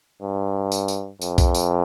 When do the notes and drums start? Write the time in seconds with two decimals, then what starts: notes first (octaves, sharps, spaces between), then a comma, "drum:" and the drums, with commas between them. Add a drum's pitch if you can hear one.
0.22 G2
0.72 drum: tambourine
0.88 drum: tambourine
1.21 F2, drum: tambourine
1.38 drum: kick B1, tambourine
1.55 drum: tambourine